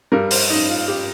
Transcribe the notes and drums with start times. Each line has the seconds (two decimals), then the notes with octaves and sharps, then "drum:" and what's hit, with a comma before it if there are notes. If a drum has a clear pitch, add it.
0.12 G2 G3 A#4
0.31 C5, drum: open hi-hat
0.50 D#4
0.69 F4
0.88 G4